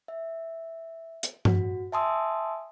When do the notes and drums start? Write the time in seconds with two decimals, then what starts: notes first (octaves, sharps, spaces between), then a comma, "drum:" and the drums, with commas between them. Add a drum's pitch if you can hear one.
0.08 E5
1.23 drum: hi-hat
1.45 F#4, drum: tom G2
1.92 E5 G#5 A5 C6 D#6 E6